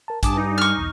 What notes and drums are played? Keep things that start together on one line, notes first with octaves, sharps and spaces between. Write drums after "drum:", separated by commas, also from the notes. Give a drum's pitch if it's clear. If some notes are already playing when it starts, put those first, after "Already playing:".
A#4 A5
G2 G#5 A5 D6 D#6, drum: kick A1, hi-hat
D#4
C#6 F6
B1 E2